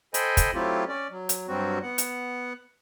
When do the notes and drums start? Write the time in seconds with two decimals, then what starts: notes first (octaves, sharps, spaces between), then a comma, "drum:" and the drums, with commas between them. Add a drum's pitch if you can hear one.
0.14 A4 C5 D#5 G5 G#5 B5, drum: hi-hat
0.37 drum: kick, hi-hat
0.54 F#3 A3 C4 E4 F4 G4
0.88 C#4 D5
1.11 F#3
1.29 drum: hi-hat
1.48 G2 F#3 G3 C4 F#4
1.83 B3 F#5
1.98 drum: hi-hat